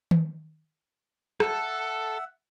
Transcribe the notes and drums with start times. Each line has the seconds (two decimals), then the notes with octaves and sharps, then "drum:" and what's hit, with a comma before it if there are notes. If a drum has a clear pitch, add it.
0.11 drum: tom D#3
1.40 A4 E5 F#5, drum: rim click